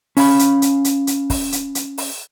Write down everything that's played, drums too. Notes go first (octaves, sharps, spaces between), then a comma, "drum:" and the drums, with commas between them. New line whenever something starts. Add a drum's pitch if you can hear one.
C#4 F5 B5, drum: open hi-hat
drum: hi-hat
drum: hi-hat
drum: hi-hat
drum: hi-hat
drum: kick, open hi-hat
drum: hi-hat
drum: hi-hat
drum: open hi-hat